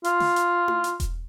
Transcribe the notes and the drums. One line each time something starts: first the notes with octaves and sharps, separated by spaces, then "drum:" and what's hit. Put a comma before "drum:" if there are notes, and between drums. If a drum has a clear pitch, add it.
F4, drum: hi-hat
drum: snare
drum: hi-hat
drum: tom E4
drum: hi-hat
drum: kick E1, hi-hat